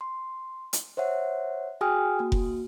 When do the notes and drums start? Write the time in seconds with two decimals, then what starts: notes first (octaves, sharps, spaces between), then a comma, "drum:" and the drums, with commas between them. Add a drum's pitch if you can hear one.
0.01 C6
0.73 drum: hi-hat
0.97 C5 C#5 E5 F#5
1.81 F#4 G#4 G5 G#5 D#6 F6
2.19 A#3 F#4
2.32 drum: kick F1